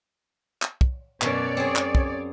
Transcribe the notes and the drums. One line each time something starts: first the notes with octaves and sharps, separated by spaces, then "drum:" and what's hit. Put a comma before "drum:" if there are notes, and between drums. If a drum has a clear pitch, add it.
drum: clap
drum: kick
F#2 B2 C#5 D5, drum: clap
C4 G#4
drum: clap
drum: kick